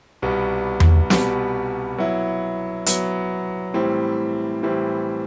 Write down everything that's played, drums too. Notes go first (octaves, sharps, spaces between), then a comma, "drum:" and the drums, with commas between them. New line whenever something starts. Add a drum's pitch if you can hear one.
C2 B2 G3 B3
drum: tom E2
C2 B2 G3 B3, drum: snare
F#3 B3 E4
F#3 B3 E4, drum: hi-hat
A2 E3 G3 C4
A2 E3 G3 C4